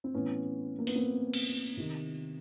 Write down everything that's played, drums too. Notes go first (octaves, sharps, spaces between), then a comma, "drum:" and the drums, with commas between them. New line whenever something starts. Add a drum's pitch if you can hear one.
C4
A2 E3 B3 C#4
A#3
B3, drum: open hi-hat
A#3 C4
drum: cymbal
C3 D#3